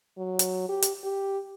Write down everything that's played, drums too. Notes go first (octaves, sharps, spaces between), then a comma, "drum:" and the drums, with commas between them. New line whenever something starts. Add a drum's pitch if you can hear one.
F#3
drum: hi-hat
G4
drum: hi-hat
G4